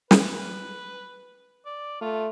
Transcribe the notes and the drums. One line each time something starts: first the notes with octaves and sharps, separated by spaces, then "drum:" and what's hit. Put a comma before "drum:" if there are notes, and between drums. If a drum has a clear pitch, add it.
B4, drum: snare
D5
A3 F4